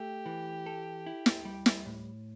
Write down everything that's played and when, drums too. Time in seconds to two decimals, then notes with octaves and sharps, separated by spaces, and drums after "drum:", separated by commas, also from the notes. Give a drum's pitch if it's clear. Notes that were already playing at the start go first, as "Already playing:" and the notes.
Already playing: A3 G4
0.26 E3
0.66 A4
1.06 E4
1.26 drum: snare
1.45 G3
1.66 drum: snare
1.86 A2